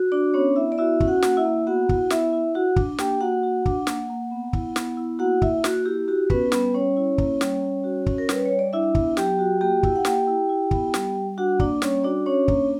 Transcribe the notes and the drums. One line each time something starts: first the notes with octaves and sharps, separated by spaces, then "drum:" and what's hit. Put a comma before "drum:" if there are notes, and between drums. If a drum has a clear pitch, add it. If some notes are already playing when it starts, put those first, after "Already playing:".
Already playing: F#4
D4 D5
B3 C#4 C#5
B3 E4 E5
D5
E4 F#4 E5
C#4, drum: kick
F#4 F#5
A#3 F#5, drum: snare
E4 E5
A#3
B3 F#4 F#5
E4, drum: kick
B3 E4 E5, drum: snare
E4
F#4 F#5
D4, drum: kick
A#3 G4 G5, drum: snare
A#3 F#4 F#5
F#4
D4, drum: kick
A#3, drum: snare
A#3
B3
E4, drum: kick
B3, drum: snare
E4
A#3 F#4 F#5
E4 E5, drum: kick
A#3 F#4, drum: snare
E4 G4
F#4 G4
B3 C#4 B4, drum: kick
G3 B3 B4, drum: snare
G3 C#4 C#5
E4
A#3, drum: kick
G3, drum: snare
G3
F#4
C#4, drum: kick
A#4
G3 B4, drum: snare
G3 C#5
D5
D4 E4 E5
B3, drum: kick
F#3 G4 G5, drum: snare
F#4
A#3 G4 G5
E4, drum: kick
F#5
A#3 G4 G5, drum: snare
E4
E4
B3, drum: kick
G3, drum: snare
G3
D4 F#4 F#5
A#3 D4 D5, drum: kick
G3 C#4 C#5, drum: snare
D4 F#4 D5
C#4 D4 C#5
A#3, drum: kick